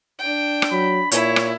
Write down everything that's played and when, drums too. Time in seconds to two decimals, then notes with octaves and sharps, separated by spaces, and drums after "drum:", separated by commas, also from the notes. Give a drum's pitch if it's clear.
0.19 D4 G5
0.62 drum: rim click
0.71 F#3 B5
1.12 A#2 E4 C#5, drum: hi-hat
1.36 drum: rim click